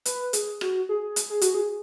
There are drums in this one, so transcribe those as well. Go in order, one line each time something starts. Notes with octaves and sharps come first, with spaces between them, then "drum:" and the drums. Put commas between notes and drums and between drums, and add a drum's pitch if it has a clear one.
B4, drum: hi-hat
G#4, drum: hi-hat
F#4, drum: rim click
G#4
drum: hi-hat
G#4
F#4, drum: hi-hat
G#4